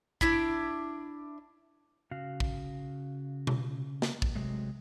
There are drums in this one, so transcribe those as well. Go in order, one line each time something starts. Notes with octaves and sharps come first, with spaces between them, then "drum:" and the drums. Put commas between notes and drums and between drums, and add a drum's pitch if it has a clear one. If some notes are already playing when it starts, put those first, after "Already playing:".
D4 E4 B5, drum: kick
C#3 F#4 F5
drum: kick
drum: tom B2
drum: snare
drum: kick
C3 F#3 G#3 A3